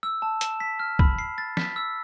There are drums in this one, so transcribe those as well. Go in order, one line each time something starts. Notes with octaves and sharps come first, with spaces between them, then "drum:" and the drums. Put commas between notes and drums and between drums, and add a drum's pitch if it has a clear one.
E6
A5
E7, drum: hi-hat
B6
F6
B5, drum: kick
C7
A6
B6, drum: snare
E6